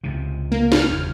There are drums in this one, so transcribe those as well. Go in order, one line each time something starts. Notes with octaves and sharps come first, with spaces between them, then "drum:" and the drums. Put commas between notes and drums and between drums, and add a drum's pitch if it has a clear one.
C#2 C3
A#3
F6, drum: snare
F#1 E2